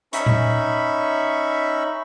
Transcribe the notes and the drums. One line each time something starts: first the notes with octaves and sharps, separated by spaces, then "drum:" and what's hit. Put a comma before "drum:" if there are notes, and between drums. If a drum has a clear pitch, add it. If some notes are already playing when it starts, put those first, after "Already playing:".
C#4 D#4 E5 B5 C#6, drum: hi-hat
drum: tom A#2